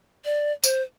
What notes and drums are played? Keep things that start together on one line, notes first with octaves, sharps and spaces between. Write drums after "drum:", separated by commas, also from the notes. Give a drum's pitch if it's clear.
D5
C5, drum: tambourine